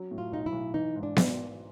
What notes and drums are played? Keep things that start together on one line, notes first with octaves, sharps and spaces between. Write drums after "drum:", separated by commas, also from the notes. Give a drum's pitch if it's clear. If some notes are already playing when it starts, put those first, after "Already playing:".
Already playing: F#3 C#4
A2
F4
B1 D#4
E4
B1
E3 D#4
G#2
D4
drum: snare B3